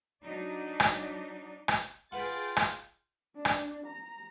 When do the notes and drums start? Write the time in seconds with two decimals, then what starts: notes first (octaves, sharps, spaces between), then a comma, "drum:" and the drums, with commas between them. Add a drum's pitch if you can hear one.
0.23 F#3 D4 D#4 D5
0.80 drum: rim click
1.68 drum: rim click
2.12 F4 G#4 B4 F#5 G5 A6
2.56 drum: rim click
3.35 D4
3.45 drum: rim click
3.87 A#5